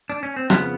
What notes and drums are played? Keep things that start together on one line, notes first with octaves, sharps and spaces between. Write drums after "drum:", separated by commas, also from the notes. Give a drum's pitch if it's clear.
D4
C#4
C4
F2 C#3 F3 B3, drum: rim click